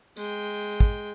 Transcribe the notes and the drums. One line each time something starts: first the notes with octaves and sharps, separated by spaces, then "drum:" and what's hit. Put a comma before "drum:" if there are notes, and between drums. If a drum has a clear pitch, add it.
G#3 G5, drum: tambourine
drum: kick